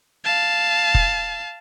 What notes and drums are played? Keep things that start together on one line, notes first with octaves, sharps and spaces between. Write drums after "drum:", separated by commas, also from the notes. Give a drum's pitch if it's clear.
F5 A5
drum: kick F1